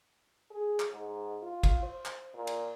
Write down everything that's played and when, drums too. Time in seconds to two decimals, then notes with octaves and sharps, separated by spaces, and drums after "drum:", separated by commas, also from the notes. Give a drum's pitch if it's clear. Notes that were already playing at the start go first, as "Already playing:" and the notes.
0.50 G#4
0.80 drum: clap
0.90 G#2
1.43 F4
1.63 drum: kick, cymbal
1.83 C5
2.05 drum: clap
2.34 A#2
2.47 drum: cymbal